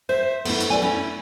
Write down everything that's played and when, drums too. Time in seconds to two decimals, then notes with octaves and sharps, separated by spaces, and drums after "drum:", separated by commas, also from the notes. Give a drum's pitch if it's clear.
0.09 C5 E5
0.45 A3 B3 E4, drum: cymbal
0.60 drum: hi-hat
0.70 B4 D5 G#5
0.82 C#4 E4